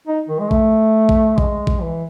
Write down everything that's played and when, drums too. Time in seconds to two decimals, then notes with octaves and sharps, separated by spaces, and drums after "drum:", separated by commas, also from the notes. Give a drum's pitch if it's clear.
0.07 D#4
0.29 D#3
0.40 G#3
0.51 A3, drum: kick
1.09 drum: kick
1.38 G#3, drum: kick
1.67 drum: kick
1.82 E3